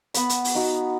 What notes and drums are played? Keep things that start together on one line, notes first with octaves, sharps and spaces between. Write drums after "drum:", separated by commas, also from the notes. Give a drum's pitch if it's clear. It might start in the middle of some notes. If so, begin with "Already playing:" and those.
B3 B5, drum: hi-hat
drum: hi-hat
drum: open hi-hat
D#4 F#4